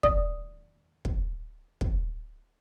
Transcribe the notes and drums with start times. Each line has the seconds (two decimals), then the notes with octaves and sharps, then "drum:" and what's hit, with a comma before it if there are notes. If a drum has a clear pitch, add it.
0.03 D5 D#6, drum: kick
1.05 drum: kick
1.81 drum: kick